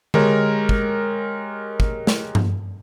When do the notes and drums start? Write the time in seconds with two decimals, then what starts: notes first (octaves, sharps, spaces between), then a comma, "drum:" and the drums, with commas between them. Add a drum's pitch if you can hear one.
0.14 G#3 G4 A#4 C#5, drum: tom D3
0.69 drum: kick
1.80 drum: kick
2.07 drum: snare
2.35 drum: tom G2